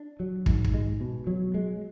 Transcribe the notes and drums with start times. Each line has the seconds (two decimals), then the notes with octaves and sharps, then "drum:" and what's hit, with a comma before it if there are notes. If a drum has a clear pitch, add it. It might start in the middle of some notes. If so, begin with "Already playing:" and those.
Already playing: D4
0.20 F#3
0.46 G#2, drum: kick
0.65 drum: kick
0.74 G#3
1.01 B2
1.27 F#3
1.54 G#3